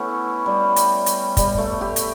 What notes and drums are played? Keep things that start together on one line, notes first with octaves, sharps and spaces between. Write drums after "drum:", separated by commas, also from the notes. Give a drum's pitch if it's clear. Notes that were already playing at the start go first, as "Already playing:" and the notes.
Already playing: A3 B3 C#4 E4
G3
drum: hi-hat
drum: hi-hat
G3, drum: kick, hi-hat
A3
G4
drum: hi-hat